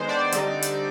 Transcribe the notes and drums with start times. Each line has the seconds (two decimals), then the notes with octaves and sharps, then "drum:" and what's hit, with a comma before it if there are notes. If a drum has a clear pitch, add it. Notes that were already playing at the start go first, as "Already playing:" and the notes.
Already playing: D#3 G#3 B3 D#4 C5
0.09 D4 D5
0.32 D3 G3 C4 D#4, drum: hi-hat
0.62 drum: hi-hat